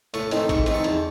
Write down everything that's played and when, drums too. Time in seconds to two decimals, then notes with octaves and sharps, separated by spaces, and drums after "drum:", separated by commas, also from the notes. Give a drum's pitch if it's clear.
0.14 A2 A5 C#6, drum: hi-hat
0.31 E3 A3 C4 D#4, drum: hi-hat
0.49 G#2 C#6, drum: kick G#1, hi-hat
0.66 E3 C4 D#4, drum: hi-hat
0.74 A5 C#6
0.84 E2, drum: hi-hat